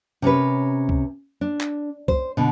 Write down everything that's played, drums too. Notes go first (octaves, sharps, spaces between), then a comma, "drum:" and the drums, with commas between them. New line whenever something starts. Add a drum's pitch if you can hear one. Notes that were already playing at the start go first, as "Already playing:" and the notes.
C3 C#4 A#4 B4
drum: kick C2
D4
drum: clap
C5, drum: kick C2
B2 D3